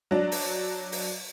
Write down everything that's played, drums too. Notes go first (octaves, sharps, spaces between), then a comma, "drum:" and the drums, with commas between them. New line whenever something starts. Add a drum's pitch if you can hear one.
F#3 D4
drum: open hi-hat
drum: open hi-hat